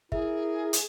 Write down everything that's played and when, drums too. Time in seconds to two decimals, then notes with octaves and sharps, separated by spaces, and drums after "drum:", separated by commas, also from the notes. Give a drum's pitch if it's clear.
0.12 E4 G#4 A#4 E5, drum: kick
0.73 drum: hi-hat